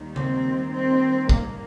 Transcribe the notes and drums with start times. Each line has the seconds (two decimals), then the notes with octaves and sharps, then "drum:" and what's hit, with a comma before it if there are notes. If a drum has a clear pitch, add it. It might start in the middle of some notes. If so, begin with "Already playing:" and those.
Already playing: D#2 D#3 G3
0.16 C4, drum: tom C#3
0.73 C4
1.29 A#3, drum: kick